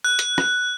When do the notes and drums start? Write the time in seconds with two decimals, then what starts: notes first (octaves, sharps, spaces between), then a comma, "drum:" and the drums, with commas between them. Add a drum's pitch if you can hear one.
0.04 F#6
0.19 drum: hi-hat
0.38 drum: rim click